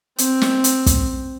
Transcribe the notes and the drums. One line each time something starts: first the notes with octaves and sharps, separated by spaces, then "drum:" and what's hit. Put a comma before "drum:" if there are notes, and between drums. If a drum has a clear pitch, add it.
C4, drum: hi-hat
drum: snare
drum: hi-hat
drum: kick, hi-hat